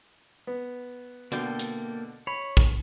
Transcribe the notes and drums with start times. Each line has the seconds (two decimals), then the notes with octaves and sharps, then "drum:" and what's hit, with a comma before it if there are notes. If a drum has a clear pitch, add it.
0.47 B3
1.32 B2 D3 A#3 A4 G5, drum: hi-hat
1.59 drum: hi-hat
2.27 C#5 B5
2.57 drum: kick